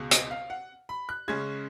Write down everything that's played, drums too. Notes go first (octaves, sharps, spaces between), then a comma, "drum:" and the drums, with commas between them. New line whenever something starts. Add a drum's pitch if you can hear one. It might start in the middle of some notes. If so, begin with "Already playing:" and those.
Already playing: C#2 B2 G#3
D#5, drum: hi-hat
F5
F#5
B5
F#6
C#3 G#3 C#4 G#6